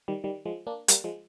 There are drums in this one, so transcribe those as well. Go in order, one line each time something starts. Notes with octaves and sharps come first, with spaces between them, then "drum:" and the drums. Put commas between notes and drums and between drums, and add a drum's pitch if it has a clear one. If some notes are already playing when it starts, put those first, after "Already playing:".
D#3 G3
D#3 G3
F3 G#3
A#3 D4
G3 A#3, drum: hi-hat
F3 G#3